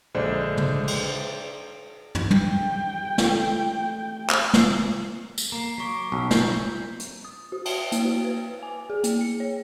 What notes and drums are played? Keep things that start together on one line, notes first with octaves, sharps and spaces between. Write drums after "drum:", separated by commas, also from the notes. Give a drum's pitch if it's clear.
A#1 D3 G#3 D4 C5
drum: tom
drum: cymbal
drum: tom
G5, drum: tom
A3, drum: snare
drum: clap
drum: snare
drum: tambourine
A#3 A#5 C7
F#3 C#6 D6 B6
B1 C#4 C#5
E4 F#4 C#5 G6, drum: snare
drum: hi-hat
D#6
F#4
A5, drum: cymbal
A#3, drum: hi-hat
F#4
B4
G#5
G#4
A#3, drum: hi-hat
C#7
C#5